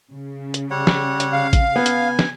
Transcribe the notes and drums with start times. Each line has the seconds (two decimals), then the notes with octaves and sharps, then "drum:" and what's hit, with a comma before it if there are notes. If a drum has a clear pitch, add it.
0.12 C#3
0.54 drum: hi-hat
0.71 G3 C#5 F#5
0.87 drum: snare
1.20 drum: hi-hat
1.33 F5
1.53 drum: kick A1, hi-hat
1.76 B3 G#5
1.86 drum: hi-hat
2.19 drum: snare